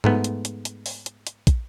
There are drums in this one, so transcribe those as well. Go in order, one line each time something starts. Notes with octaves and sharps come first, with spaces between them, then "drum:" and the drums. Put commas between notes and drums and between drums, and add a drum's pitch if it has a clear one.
G#2 A3 B3, drum: tom
drum: hi-hat
drum: hi-hat
drum: hi-hat
drum: open hi-hat
drum: hi-hat
drum: hi-hat
drum: kick, hi-hat